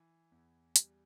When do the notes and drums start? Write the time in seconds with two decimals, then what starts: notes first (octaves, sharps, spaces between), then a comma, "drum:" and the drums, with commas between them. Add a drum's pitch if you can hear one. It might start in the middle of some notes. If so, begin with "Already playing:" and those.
Already playing: E3
0.32 E2
0.76 G3, drum: hi-hat